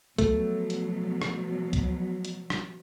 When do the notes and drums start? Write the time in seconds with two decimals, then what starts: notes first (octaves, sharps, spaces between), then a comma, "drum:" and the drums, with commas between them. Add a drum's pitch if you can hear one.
0.18 B2 F3 F#3 A3, drum: kick C2, hi-hat
0.70 drum: hi-hat
1.22 drum: rim click
1.73 drum: kick C2, hi-hat
2.25 drum: hi-hat
2.50 drum: rim click